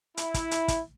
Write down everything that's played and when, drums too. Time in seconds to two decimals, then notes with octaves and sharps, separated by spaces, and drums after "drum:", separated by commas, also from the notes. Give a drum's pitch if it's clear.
0.17 E4, drum: hi-hat
0.34 drum: kick, hi-hat
0.51 drum: hi-hat
0.68 drum: kick, hi-hat